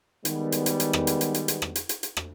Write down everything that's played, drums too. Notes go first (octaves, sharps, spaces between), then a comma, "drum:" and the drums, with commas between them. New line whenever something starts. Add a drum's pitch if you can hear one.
D#3 G3 G#3 B3, drum: hi-hat
drum: hi-hat
drum: hi-hat
drum: hi-hat
drum: rim click
drum: hi-hat
drum: hi-hat
drum: hi-hat
drum: hi-hat
drum: rim click
drum: hi-hat
drum: hi-hat
drum: hi-hat
drum: rim click